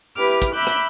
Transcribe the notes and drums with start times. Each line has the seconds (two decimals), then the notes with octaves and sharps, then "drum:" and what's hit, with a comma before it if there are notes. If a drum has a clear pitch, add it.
0.17 E4 G4 B4 D6 F6
0.42 drum: kick, hi-hat
0.53 E5 B5 D6 E6 F#6 G6
0.67 drum: rim click